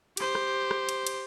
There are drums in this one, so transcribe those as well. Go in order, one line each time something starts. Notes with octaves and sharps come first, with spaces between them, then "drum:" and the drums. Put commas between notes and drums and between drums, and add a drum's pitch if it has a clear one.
G4 C5, drum: cymbal
drum: rim click
drum: rim click
drum: cymbal
drum: cymbal